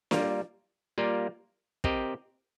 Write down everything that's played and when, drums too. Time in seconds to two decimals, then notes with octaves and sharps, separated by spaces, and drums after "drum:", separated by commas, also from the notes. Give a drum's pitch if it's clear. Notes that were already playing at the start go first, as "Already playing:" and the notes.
0.11 G3 A#3 F4 A#4 D5, drum: snare
0.98 G3 A#3 F4 A#4 D5
1.84 C4 G4 A#4 D#5, drum: kick